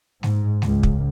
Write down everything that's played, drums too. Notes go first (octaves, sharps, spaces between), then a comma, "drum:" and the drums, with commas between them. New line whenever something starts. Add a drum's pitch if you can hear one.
G#2, drum: snare G#3
C#2, drum: snare G#3
drum: kick